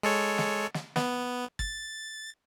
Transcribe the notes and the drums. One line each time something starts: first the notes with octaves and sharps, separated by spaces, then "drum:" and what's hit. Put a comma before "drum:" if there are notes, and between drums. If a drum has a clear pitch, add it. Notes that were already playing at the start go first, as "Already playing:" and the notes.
G#3 A4 C#5
drum: snare
drum: snare
B3, drum: snare
A6, drum: kick